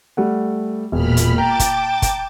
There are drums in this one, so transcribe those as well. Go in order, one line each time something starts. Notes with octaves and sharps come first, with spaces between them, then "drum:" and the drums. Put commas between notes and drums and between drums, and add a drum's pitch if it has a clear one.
G3 A3 F#5
E1 A#2 B5 F6
drum: hi-hat
G5 A5 A#5 D6 A6
drum: kick, hi-hat
drum: kick, hi-hat